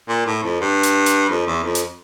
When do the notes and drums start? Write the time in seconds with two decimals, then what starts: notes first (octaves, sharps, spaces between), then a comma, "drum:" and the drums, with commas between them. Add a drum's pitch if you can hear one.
0.08 A#2
0.26 A2
0.43 F2
0.60 G2
0.83 drum: hi-hat
1.06 drum: hi-hat
1.29 F2
1.47 E2
1.63 F2
1.75 drum: hi-hat